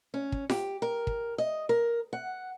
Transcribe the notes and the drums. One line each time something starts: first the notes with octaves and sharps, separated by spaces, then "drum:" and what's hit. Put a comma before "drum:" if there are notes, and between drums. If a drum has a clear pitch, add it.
C#4
drum: kick
G4, drum: snare F4
A#4
drum: kick
D#5
A#4
F#5